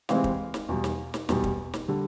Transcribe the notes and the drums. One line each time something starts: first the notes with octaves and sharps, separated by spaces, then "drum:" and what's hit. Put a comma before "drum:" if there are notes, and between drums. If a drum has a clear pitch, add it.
C3 E3 G#3 C4 F5, drum: snare
drum: kick
drum: snare
E2 B2 G3
drum: snare
drum: snare
E2 B2 G3, drum: snare
drum: kick
drum: snare
D3 G3